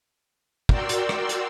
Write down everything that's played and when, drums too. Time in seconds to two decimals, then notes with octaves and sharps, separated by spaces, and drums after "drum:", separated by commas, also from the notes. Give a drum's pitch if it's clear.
0.69 F#4 A#4 D5 G5 C6 E6, drum: kick
0.89 drum: hi-hat
1.09 drum: rim click
1.29 drum: hi-hat